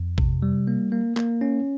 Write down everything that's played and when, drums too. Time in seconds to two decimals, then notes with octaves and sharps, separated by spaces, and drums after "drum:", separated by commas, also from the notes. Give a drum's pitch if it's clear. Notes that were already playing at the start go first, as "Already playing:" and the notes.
Already playing: F2
0.18 C3, drum: kick A1
0.42 G3
0.67 A#3
0.92 A#3
1.17 A#3, drum: clap
1.41 C#4